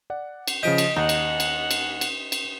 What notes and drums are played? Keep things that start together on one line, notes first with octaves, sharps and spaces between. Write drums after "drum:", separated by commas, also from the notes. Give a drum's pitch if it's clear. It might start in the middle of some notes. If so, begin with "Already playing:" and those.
D5 F#5
drum: cymbal
C#3 F3 D#5 G5 G6 B6
drum: cymbal
D#2 D#4 F#5
drum: cymbal
drum: cymbal
drum: cymbal
drum: cymbal
drum: cymbal